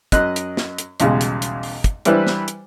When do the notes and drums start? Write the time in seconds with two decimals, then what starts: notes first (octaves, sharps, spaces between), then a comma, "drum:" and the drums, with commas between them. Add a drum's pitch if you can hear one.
0.12 F#2 D#5 F#6, drum: kick, hi-hat
0.36 drum: hi-hat
0.57 drum: snare
0.78 drum: hi-hat
1.00 B1 E2 C#3 G3 G#3, drum: hi-hat
1.21 drum: hi-hat
1.42 drum: hi-hat
1.63 drum: open hi-hat
1.84 drum: kick, hi-hat
2.05 E3 G3 D4 E4 B4 C5, drum: hi-hat
2.27 drum: snare
2.48 drum: hi-hat